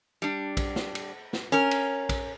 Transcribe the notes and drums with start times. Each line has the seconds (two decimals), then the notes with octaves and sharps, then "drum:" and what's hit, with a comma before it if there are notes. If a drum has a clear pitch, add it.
0.22 G3 D4
0.57 drum: kick, cymbal
0.76 drum: snare
0.95 drum: cymbal
1.33 drum: snare
1.52 C#4 A#4
1.71 drum: cymbal
2.09 drum: kick, cymbal